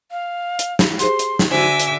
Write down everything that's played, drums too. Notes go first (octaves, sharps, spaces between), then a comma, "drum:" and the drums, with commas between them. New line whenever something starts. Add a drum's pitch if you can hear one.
F5
drum: hi-hat
drum: snare
G4 G#4 C5 C6, drum: hi-hat
drum: hi-hat
drum: snare
D3 F#4 C5 E5 G#5 D6
drum: hi-hat